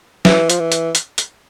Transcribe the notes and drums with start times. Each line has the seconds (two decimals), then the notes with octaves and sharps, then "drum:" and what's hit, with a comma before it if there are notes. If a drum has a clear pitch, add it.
0.25 E3, drum: snare
0.50 F3, drum: hi-hat
0.60 E3
0.72 drum: hi-hat
0.95 drum: hi-hat
1.18 drum: hi-hat